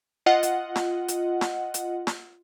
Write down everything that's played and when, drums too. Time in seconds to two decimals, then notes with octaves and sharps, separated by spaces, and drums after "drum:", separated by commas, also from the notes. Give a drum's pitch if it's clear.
0.26 F4 D#5 F#5
0.43 drum: hi-hat
0.76 drum: snare
1.08 drum: hi-hat
1.41 drum: snare
1.74 drum: hi-hat
2.07 drum: snare